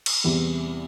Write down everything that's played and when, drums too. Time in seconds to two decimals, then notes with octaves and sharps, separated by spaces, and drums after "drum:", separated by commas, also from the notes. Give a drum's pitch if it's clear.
0.06 drum: cymbal
0.24 E2 C3 E3 G3